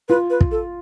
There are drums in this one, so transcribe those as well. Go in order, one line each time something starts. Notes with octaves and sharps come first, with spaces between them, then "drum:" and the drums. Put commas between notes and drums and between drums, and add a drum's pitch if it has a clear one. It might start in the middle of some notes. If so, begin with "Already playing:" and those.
F4 B4
B4
drum: kick
A4